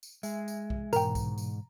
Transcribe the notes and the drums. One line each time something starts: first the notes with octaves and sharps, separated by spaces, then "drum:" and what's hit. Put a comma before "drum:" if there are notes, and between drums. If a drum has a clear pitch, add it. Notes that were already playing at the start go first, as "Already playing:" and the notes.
drum: tambourine
G#3 E5 G#5, drum: tambourine
drum: tambourine
drum: kick B1
G#2 B2 E3 A#4 G5 A#5, drum: tambourine
drum: kick B1, tambourine
drum: tambourine